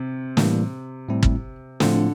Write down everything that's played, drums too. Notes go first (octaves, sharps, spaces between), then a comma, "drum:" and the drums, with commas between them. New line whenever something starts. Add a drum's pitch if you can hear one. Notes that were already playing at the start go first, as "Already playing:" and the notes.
Already playing: C3
A2 E3 G3 A#3, drum: snare
A2 G3 C4 E4
drum: kick
A2 D3 F3 A3 C4 F4, drum: snare